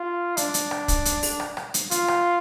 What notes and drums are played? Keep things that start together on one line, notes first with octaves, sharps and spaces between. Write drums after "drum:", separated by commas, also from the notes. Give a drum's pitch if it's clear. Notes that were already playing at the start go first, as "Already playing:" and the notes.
Already playing: F4
D4, drum: hi-hat
drum: hi-hat
drum: rim click
drum: kick, hi-hat
drum: hi-hat
drum: open hi-hat
drum: rim click
drum: rim click
drum: hi-hat
F4, drum: hi-hat
drum: rim click